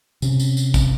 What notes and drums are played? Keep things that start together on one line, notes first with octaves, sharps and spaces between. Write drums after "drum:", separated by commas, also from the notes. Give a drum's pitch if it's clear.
C3 C#4, drum: tambourine
drum: tambourine
drum: tambourine
drum: kick, tambourine